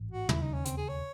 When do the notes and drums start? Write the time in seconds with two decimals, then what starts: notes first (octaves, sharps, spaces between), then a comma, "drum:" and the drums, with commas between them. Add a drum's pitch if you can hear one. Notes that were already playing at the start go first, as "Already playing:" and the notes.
Already playing: A1 G#2
0.12 F#4
0.29 E1 D#2 C#3 E4, drum: tom
0.42 D#4
0.54 C#4
0.65 C4, drum: hi-hat
0.77 G#4
0.89 C#5